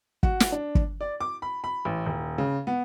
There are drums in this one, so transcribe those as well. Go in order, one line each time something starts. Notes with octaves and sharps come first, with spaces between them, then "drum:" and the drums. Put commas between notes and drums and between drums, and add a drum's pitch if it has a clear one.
F#4, drum: kick
drum: snare
D4
drum: kick
D5
D6
B5
B5
A1
D#1
C#3
B3